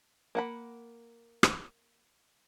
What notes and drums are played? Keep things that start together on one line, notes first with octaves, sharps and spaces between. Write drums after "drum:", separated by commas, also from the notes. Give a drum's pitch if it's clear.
A#3 F#5 B5
drum: rim click